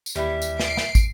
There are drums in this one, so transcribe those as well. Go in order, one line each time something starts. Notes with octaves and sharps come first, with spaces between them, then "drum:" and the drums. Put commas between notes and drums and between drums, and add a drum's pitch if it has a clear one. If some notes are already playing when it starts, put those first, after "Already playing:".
drum: tambourine
D#2 E3 G3 E5
drum: tambourine
C7 D7, drum: snare
drum: snare
drum: kick, tambourine